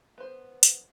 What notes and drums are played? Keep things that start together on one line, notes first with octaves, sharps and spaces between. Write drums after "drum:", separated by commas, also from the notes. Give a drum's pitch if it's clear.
B3 C5
drum: hi-hat